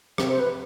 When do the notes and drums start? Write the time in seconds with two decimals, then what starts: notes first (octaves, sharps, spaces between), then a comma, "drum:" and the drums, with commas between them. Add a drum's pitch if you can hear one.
0.18 C3 C5, drum: rim click
0.29 C5
0.39 B4